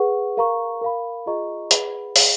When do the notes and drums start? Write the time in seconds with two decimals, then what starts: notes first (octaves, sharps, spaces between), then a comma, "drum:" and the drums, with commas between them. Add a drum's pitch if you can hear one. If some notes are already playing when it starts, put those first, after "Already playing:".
Already playing: G#4 B4 F#5 C#6
0.37 A#4 F5 A#5 C#6
0.81 A#4 F5 B5
1.26 F4 G#4 D#5 A#5 C#6
1.71 G#4 B4 F#5 B5, drum: hi-hat
2.16 G#4 C#5 F5, drum: open hi-hat